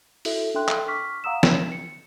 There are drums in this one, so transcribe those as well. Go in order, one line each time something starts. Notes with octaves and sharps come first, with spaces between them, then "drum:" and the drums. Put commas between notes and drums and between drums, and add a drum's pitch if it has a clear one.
E4 F#4 A4 E5, drum: open hi-hat
D4 A4 E5 G5 C6 F#6
drum: clap
C#6 D6 F6 B6
F5 F#5 A#5 D#6 E6 E7
E7, drum: snare
C#7